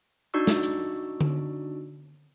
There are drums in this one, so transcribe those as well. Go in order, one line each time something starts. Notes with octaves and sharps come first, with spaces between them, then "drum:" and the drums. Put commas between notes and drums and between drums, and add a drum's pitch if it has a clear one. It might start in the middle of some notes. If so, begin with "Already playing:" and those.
D4 D#4 F#4 D5 C#6 E6
drum: snare
drum: hi-hat
drum: tom D3